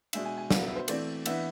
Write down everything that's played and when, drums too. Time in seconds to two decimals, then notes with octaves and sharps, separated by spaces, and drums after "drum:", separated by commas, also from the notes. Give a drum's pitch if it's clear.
0.13 B2 G#3 D4 E5, drum: cymbal
0.25 G#5
0.38 G#5
0.50 B2 B3 D4 F5, drum: snare
0.63 E5
0.76 C5
0.88 E3 A3 C4 D5, drum: cymbal
1.26 E3 B3 D4 E5, drum: cymbal